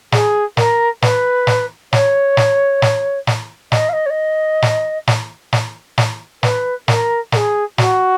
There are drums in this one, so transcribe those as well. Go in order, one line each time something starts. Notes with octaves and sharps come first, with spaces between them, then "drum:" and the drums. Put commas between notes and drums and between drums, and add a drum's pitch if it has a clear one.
G#4, drum: snare
A#4, drum: snare
B4, drum: snare
drum: snare
C#5, drum: snare
drum: snare
drum: snare
drum: snare
D#5, drum: snare
F5
D#5
C#5
D#5
drum: snare
drum: snare
drum: snare
drum: snare
B4, drum: snare
A#4, drum: snare
A#4, drum: snare
G#4
F#4, drum: snare